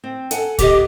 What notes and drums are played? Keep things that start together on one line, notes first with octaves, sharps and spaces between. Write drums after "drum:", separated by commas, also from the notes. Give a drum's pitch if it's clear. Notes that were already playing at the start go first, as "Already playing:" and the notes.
C4
A4 F#5 G#5, drum: hi-hat
B3 G4 D#5 D6, drum: kick C2, hi-hat